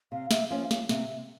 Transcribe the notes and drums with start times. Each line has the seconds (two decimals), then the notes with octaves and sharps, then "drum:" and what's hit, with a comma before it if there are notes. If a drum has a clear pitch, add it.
0.12 C3 F5
0.31 E5, drum: snare
0.50 F3 A#3 C#4 F5
0.71 F5, drum: snare
0.89 C3 E5, drum: snare